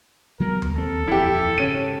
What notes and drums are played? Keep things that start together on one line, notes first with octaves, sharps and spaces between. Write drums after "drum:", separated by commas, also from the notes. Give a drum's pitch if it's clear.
F#3 G#3 B3 A#4
drum: tom D2
D#2 C4 A4
D#1 F2 E3 E4 G4
G#2 C#3 C#4 D#7